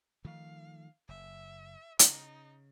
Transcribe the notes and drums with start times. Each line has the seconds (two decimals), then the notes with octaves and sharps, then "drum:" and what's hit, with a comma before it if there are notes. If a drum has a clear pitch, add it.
0.25 D#3 F3 A3 F5
1.09 F#1 E5
1.99 C#3 D#4, drum: hi-hat